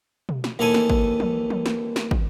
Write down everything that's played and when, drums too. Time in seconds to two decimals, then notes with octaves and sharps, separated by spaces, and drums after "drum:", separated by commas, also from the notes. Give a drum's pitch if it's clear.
0.29 drum: tom B2
0.44 drum: snare
0.59 D#2 E3 A4 G#5
0.74 drum: snare
0.90 drum: kick
1.20 drum: tom E3
1.50 drum: tom E3
1.66 drum: snare
1.96 drum: snare
2.11 drum: kick